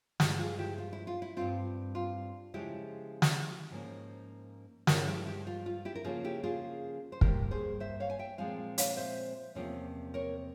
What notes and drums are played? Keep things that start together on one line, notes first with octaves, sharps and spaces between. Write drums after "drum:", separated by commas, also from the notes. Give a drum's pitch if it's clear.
G2 F3 G#3 E4 G4, drum: snare
F4 G#4
E4 G4
F4
E4
F4
E4
G2 G3 C4 F4
F4
C#3 F3 G#3 E4 G4
drum: snare
G#2 F3 A#3 C#4
G2 F3 G#3 C#4 G4 A#4, drum: snare
E4 G4
E4 G4
F4
F4
E4 G4
A#4
C#3 F3 A#3 C#4 F4 G#4
E4 G4
F4 G#4
C5
G2 G3 A#3 G4 A#4, drum: kick
G#4 C5
C5 E5
C#5 F5
G#5
E5 G5
A#2 F3 G#3 C4 F5 G#5
C#5 F5, drum: hi-hat
C5 E5
E2 C3 F3 A#3 C#4
A#4 C#5